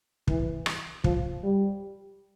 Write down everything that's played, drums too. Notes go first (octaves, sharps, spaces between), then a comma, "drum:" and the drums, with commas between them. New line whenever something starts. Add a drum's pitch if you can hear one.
E3, drum: kick
drum: rim click
F3, drum: kick
G3